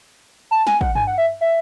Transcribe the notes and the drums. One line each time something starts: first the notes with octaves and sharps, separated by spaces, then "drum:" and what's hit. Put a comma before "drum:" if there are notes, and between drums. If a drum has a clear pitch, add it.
A5
G#5, drum: snare
F#5, drum: kick
G#5, drum: tom G2
F#5
E5
E5